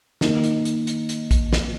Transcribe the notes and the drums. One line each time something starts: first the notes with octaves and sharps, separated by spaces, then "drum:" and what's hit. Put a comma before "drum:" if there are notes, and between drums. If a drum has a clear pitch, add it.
D#3 A#3 D#4, drum: snare
drum: hi-hat
drum: hi-hat
drum: hi-hat
drum: hi-hat
drum: kick A#1, hi-hat
drum: snare